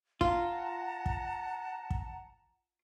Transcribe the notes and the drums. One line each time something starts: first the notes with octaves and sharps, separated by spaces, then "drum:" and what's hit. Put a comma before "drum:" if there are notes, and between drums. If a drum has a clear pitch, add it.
F4 F#5 A5 A#5, drum: kick
drum: kick
drum: kick